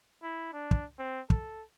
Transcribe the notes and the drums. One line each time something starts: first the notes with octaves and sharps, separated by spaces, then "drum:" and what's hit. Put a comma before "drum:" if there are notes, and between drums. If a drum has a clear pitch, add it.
E4
D4
drum: kick
C4
A4, drum: kick